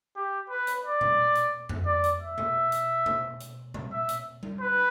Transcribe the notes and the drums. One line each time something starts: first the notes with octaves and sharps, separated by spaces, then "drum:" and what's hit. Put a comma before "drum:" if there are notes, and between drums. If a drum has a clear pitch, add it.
G4
B4
drum: hi-hat
D5
drum: tom A#2
drum: hi-hat
drum: tom F2
D5
drum: hi-hat
E5
drum: tom B2
drum: hi-hat
drum: tom B2
drum: hi-hat
drum: tom A#2
E5
drum: hi-hat
drum: tom G3
B4